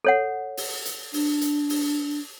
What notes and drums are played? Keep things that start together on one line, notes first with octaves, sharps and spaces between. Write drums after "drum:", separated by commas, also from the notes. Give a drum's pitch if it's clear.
A4 C#5 F#5
drum: open hi-hat
drum: hi-hat
D4, drum: open hi-hat
drum: hi-hat
drum: open hi-hat